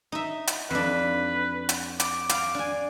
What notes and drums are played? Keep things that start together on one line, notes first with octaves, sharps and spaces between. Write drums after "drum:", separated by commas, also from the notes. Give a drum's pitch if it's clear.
D#4 E5
drum: hi-hat
F2 D4 B4
drum: hi-hat
D6, drum: hi-hat
F5, drum: hi-hat
D4 G#5